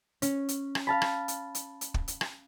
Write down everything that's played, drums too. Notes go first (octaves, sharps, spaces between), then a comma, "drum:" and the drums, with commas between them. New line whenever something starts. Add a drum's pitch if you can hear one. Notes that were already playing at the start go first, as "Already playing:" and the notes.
C#4, drum: hi-hat
drum: hi-hat
drum: rim click
F5 A5 B5
drum: rim click
drum: hi-hat
drum: hi-hat
drum: hi-hat
drum: kick
drum: hi-hat
drum: rim click